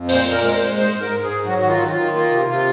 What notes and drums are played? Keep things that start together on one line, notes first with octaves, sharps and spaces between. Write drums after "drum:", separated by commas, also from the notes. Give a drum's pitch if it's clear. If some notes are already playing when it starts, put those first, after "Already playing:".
Already playing: F2
A#2 C5, drum: open hi-hat
A#2
A#4
G#3 A#4
C5
G#3
G#2 C5
G#2
A#4
G#2
G#4
G#2
F#3 F#4
F#4
D#3 F4
D#3
F4
D#3
A#3 F4
C3
C3 F4